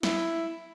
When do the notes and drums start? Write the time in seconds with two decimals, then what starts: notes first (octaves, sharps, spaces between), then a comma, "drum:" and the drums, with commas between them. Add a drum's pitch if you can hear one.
0.03 E4, drum: snare